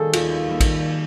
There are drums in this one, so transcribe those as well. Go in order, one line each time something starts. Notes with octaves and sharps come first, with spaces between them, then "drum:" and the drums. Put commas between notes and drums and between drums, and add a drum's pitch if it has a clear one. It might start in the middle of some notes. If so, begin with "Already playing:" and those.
Already playing: D#3 G3 A#3 G#4 A4
D#2 F4, drum: cymbal
D#3 G3 A#3
drum: kick A1, cymbal